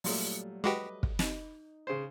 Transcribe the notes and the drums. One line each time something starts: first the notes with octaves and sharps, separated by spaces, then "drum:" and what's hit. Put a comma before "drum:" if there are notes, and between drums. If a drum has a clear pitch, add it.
A#2 F#3 G3 A3 C6, drum: open hi-hat
G#3 F#4 G4 B4 D#5 D6
drum: kick
D#4, drum: snare
C#3 C5